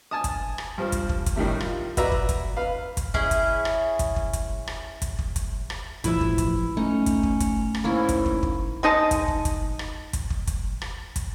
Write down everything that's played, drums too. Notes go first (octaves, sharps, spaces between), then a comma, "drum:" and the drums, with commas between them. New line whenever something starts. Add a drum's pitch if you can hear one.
G#5 A5 D#6
drum: kick, hi-hat
drum: rim click
G2 F3
drum: kick, hi-hat
drum: kick
drum: kick, hi-hat
A2 D#3 G3 A3
F4, drum: rim click
F#4 B4 D5 E5 A#5, drum: kick, hi-hat
drum: kick
drum: kick, hi-hat
B4 F5
drum: kick, hi-hat
C#4 E4 G#4 D#5, drum: kick
drum: kick, hi-hat
drum: rim click
drum: kick, hi-hat
drum: kick
drum: kick, hi-hat
drum: rim click
drum: kick, hi-hat
drum: kick
drum: kick, hi-hat
drum: rim click
E1 A1 F3 E4 B4 E5, drum: kick, hi-hat
drum: kick
drum: kick, hi-hat
A3 C#4 D#4
drum: kick, hi-hat
drum: kick
drum: kick, hi-hat
drum: rim click
G#2 A#3 C#4 E4
drum: kick, hi-hat
drum: kick
drum: kick
G#3 D#4 D#5 A5
drum: kick, hi-hat
drum: kick
drum: kick, hi-hat
drum: rim click
drum: kick, hi-hat
drum: kick
drum: kick, hi-hat
drum: rim click
drum: kick, hi-hat